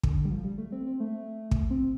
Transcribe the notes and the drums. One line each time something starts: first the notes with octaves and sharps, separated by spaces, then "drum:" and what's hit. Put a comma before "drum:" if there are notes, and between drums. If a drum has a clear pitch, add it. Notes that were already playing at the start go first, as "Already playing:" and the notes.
D3, drum: kick
D3
G3
F3
G3
A3
C4
C4
A3
drum: kick
C4